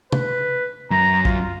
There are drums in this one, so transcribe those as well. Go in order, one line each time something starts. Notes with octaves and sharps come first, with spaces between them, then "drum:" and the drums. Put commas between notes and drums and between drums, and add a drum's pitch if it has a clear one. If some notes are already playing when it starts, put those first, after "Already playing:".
B4, drum: tom
F#2 A#5
F4, drum: kick